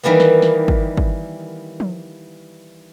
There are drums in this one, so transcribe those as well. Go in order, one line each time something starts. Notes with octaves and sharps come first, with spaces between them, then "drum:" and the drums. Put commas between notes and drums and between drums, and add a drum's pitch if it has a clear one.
D#3 E3 G3 A#3 B3
drum: snare
drum: snare
drum: kick
drum: kick
drum: tom F3